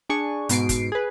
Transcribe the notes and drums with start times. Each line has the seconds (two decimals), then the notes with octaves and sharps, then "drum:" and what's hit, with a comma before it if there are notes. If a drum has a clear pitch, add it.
0.10 D4 G#4 G#5 C#6
0.49 G#2 B2 C7 D7, drum: hi-hat
0.69 drum: kick, hi-hat
0.92 G#4 B4